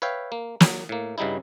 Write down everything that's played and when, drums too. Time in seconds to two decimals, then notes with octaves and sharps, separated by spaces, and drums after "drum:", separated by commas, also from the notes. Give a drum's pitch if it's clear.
0.02 B4 C#5 E5 F5 G5
0.32 A#3
0.60 F#3, drum: snare
0.89 A2 A#3
1.18 G2 C#3 G3 D#4 E4